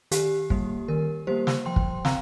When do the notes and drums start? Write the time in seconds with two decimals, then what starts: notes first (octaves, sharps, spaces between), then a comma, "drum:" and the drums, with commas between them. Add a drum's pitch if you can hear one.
0.11 D#3 G4, drum: hi-hat
0.50 G3 A#3, drum: kick
0.88 D#3 A#4
1.27 G3 A#3 G4 C5
1.47 drum: snare
1.66 F3 G5 C6
1.76 drum: kick
2.05 C4 F5 A#5, drum: snare